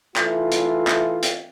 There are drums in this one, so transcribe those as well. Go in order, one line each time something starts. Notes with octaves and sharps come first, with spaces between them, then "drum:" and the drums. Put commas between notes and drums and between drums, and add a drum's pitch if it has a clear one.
E3 A3 F4, drum: clap
drum: hi-hat
drum: clap
drum: hi-hat